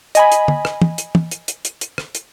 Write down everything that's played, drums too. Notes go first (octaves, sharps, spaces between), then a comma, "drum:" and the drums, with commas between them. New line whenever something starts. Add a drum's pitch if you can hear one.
D#5 G#5 B5, drum: hi-hat
drum: hi-hat
drum: tom
drum: rim click
drum: tom
drum: hi-hat
drum: tom
drum: hi-hat
drum: hi-hat
drum: hi-hat
drum: hi-hat
drum: rim click
drum: hi-hat